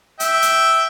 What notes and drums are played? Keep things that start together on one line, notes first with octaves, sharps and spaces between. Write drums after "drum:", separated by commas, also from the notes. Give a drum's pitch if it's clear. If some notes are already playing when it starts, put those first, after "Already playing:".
E5 G5, drum: hi-hat
drum: hi-hat